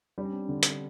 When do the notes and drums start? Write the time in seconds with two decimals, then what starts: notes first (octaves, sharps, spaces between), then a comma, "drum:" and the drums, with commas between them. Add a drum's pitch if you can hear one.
0.18 G3 D4
0.25 C#4
0.33 C4 D4
0.48 D3
0.63 drum: hi-hat